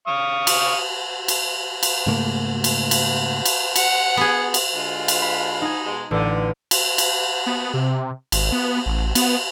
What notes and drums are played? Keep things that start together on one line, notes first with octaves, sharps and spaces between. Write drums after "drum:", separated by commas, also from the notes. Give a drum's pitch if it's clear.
F5 C#6 D#6
drum: cymbal
drum: cymbal
drum: cymbal
G#2 C#3 A3 A#3
drum: cymbal
drum: cymbal
drum: cymbal
F#5, drum: cymbal
B3 G#4
drum: cymbal
D3 G#3 F4
drum: cymbal
B5
D#4 G#5
B2 G#3
A1 D3
drum: cymbal
drum: cymbal
B3
C3
G#1, drum: cymbal
B3
A1
B3, drum: cymbal